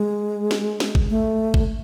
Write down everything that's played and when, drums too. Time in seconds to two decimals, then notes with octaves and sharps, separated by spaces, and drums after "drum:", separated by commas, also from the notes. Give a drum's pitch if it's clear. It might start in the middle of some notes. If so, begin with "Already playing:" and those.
Already playing: G#3
0.51 drum: snare
0.80 drum: snare
0.95 drum: kick
1.10 A3
1.54 drum: kick